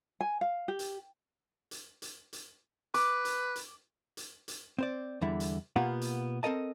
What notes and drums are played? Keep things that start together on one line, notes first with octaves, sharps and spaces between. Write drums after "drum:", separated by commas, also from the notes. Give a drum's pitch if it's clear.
G#5
F5
G4
drum: hi-hat
drum: hi-hat
drum: hi-hat
drum: hi-hat
B4 D6, drum: hi-hat
drum: hi-hat
drum: hi-hat
drum: hi-hat
drum: hi-hat
C4 C5 D5
E2 D3 G3 E4
drum: hi-hat
B2 A#3 B3 F4 G4 F#5
drum: hi-hat
C4 A4 A#4 D#5 A5